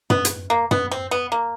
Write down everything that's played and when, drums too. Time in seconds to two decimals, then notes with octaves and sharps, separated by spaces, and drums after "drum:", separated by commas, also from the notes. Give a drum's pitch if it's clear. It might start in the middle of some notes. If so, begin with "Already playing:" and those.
0.10 B3, drum: tom
0.25 drum: hi-hat
0.50 A#3
0.71 B3, drum: tom
0.91 C4
1.11 B3
1.32 A#3